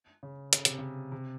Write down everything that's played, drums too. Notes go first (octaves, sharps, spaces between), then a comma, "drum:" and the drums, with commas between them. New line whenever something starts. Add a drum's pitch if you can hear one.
C#3
C#3, drum: hi-hat
C3, drum: hi-hat
C#3
C3